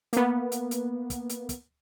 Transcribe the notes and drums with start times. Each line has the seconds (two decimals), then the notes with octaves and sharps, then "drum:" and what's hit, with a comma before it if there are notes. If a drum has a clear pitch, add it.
0.13 A#3 B3, drum: hi-hat
0.52 drum: hi-hat
0.71 drum: hi-hat
1.10 drum: kick, hi-hat
1.29 drum: hi-hat
1.49 drum: kick, hi-hat